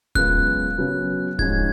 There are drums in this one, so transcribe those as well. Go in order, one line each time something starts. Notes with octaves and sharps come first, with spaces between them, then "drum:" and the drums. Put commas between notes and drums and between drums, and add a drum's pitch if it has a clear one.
F#2 C#3 G#3 B3 F4 F#6, drum: kick D#1
C#3 F#3 B3
G#2 F3 G#3 C#4 G#6, drum: kick D#1